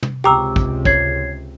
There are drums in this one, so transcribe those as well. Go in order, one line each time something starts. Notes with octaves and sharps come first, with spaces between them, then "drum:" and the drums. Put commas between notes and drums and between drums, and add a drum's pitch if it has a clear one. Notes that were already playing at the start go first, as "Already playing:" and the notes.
drum: tom
C#2 C3 G4 G5 A#5 D6 E6
drum: kick
C#5 G#6 C7, drum: kick